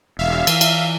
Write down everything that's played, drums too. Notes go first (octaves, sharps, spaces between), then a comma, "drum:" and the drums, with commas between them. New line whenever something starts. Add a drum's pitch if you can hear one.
E1 E5 F5
E3, drum: cymbal
drum: cymbal